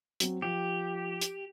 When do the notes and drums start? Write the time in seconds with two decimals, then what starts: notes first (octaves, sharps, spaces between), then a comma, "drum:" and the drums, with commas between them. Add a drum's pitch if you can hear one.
0.20 F#3 C4, drum: hi-hat
0.42 F3 G4
1.21 drum: hi-hat